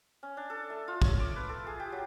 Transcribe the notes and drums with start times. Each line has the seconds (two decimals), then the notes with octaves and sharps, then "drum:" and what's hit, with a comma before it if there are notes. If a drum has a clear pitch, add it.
0.23 C#4
0.37 D4
0.50 A4
0.70 A3
0.88 F4
1.02 C#5, drum: kick
1.20 D6
1.36 B4
1.49 A4
1.67 G#4
1.80 G4
1.92 F#3